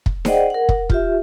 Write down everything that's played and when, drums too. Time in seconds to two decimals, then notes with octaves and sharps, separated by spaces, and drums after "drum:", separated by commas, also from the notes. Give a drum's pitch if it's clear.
0.06 drum: kick
0.25 G#4 C5 D5 D#5 F#5 G5, drum: snare D#4
0.50 A#4 F#5
0.69 drum: kick
0.90 F4 G4 E5, drum: kick